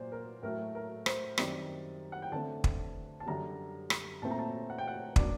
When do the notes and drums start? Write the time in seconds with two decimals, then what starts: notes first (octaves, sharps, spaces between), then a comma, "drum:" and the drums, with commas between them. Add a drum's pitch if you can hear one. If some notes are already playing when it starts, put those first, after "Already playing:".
Already playing: A#2 F#3 C5 D5
0.12 A#4
0.42 A2 F#3 A3 A#4
0.75 A#4
1.06 C5, drum: rim click
1.38 F#2 D#3 G3 C4 D5, drum: rim click
2.12 F#5
2.22 G5
2.32 D3 A3 C4 A5
2.64 drum: kick
3.20 A5
3.26 F#2 D3 G3 A#5
3.90 drum: rim click
4.22 A#2 A3 C4 A5
4.31 A#5
4.39 A5
4.70 F#5
4.78 G5
4.87 F#5
5.16 F#3 A#3 D4 D5, drum: kick